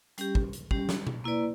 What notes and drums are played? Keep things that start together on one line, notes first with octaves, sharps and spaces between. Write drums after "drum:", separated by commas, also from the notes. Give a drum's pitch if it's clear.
G3 C#4 G4, drum: hi-hat
drum: kick
drum: hi-hat
G3 C#4 G4, drum: kick
drum: snare
drum: tom B2
A#3 E4 B4 D5